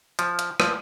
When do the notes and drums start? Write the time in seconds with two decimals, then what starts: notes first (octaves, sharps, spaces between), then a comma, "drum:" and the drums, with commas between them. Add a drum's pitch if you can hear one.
0.19 F3, drum: hi-hat
0.39 drum: hi-hat
0.60 F3, drum: rim click